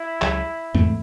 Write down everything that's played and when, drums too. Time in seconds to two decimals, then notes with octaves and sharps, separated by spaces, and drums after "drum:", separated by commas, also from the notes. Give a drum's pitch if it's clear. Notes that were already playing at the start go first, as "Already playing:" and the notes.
Already playing: E4
0.22 C#2 C#3 F#3, drum: clap
0.75 G#2 E3 A3 C4, drum: tom E2